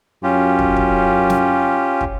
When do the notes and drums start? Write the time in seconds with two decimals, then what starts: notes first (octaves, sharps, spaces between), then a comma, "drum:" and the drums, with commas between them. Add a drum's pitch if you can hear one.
0.23 F#2 C#4 F4 G4
0.59 drum: kick
0.77 drum: kick
1.30 drum: snare
2.01 drum: kick